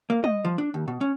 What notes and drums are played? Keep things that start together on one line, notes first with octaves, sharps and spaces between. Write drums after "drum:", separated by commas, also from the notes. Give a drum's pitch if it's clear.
A#3
D#5, drum: tom
F3
D4
D#2
B2
C#4